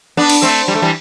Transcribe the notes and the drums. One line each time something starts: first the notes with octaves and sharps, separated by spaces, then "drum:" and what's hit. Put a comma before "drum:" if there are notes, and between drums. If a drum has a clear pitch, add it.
B3 D4
drum: cymbal
A3 C4
G3
A3
E3 G3